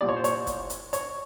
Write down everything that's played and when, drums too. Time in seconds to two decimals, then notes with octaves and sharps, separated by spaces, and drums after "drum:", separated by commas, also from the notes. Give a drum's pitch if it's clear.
0.01 C2 A#2 G3 D5
0.09 C#5
0.16 C5
0.24 C#5, drum: hi-hat
0.47 drum: kick, hi-hat
0.70 drum: hi-hat
0.93 C#5, drum: hi-hat